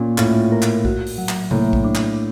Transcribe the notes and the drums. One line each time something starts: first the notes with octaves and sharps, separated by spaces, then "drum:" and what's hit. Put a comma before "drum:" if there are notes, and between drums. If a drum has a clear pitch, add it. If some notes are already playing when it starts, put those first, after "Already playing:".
Already playing: A#2 C#4
A2 F4, drum: clap
A#4
drum: clap
F#4, drum: kick B1
drum: open hi-hat
F#3
drum: clap
A2 A#3, drum: tom C3
drum: kick B1
D4
drum: clap